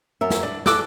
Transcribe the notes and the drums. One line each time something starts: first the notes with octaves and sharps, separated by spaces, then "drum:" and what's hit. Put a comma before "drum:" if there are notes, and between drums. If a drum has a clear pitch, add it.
F#2 A#4 E5
drum: snare
D4 D5
E2 A4 D6 E6 F#6, drum: snare